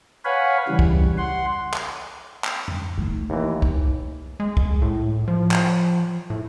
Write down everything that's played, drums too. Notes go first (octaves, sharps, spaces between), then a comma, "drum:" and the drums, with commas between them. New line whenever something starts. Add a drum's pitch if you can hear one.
B4 C#5 F5 F#5 G#5 B5
C#3 E3 G3
drum: kick
F#5 C6
drum: clap
drum: clap
drum: tom F2
A3 D#4
D#2 E3
drum: kick
G#3
drum: kick
A2
F3
drum: clap
A2